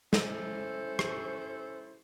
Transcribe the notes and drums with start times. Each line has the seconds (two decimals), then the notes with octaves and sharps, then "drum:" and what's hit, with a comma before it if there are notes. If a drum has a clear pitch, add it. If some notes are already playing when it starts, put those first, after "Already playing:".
0.13 C#4 E4 A4 C5, drum: snare
0.99 drum: rim click